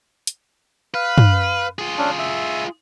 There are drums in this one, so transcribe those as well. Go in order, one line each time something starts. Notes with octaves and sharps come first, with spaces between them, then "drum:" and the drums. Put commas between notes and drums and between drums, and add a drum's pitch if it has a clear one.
drum: hi-hat
B4 F5
drum: tom
F4 G#4
C#4 D4
E5